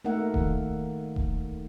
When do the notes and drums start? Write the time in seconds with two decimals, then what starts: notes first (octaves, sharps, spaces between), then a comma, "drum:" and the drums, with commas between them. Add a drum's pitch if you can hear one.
0.05 A3 A#3 D#4 A#4 E5 F#5
0.34 D#3, drum: kick D#1
1.16 drum: kick D#1